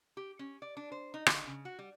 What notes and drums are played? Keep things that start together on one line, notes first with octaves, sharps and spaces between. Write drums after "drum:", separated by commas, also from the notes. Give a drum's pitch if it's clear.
G4
C#4
D5
D4
C5
D#4
D3, drum: rim click
C#3
F#4
G3